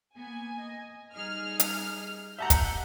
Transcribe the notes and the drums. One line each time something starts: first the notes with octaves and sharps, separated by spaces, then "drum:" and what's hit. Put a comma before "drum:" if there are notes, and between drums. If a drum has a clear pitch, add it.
A#3 B3 G#5
D#5
G3 D#4 G#4 F6
drum: hi-hat
G4 E5 F#5 A5 A#5 G6
drum: kick, hi-hat